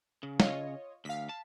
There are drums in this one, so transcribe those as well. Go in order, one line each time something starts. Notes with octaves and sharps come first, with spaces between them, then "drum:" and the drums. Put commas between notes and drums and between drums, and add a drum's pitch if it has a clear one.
C#3
F4 C#5 D#5, drum: snare
D2 F5 B6
A5